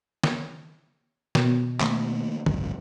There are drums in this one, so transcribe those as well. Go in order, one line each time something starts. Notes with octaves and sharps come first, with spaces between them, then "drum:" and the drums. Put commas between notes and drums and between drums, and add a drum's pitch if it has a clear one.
drum: snare
B2, drum: snare
D#3 A3 A#3, drum: clap
G#1 C#2 F#2, drum: tom D#3